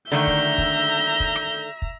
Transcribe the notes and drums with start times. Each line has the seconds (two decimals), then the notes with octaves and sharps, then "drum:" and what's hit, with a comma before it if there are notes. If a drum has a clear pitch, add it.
0.12 D3 D#3 A3 E5 A#5 G6
0.27 drum: kick
0.58 drum: kick
1.20 drum: kick
1.35 drum: rim click
1.82 drum: kick